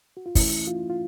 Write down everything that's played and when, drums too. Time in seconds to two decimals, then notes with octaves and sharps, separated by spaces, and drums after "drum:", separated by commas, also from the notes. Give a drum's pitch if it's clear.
0.17 F#4
0.26 F4
0.35 E3 A3 C#4 E4, drum: kick, open hi-hat
0.67 F4
0.90 F4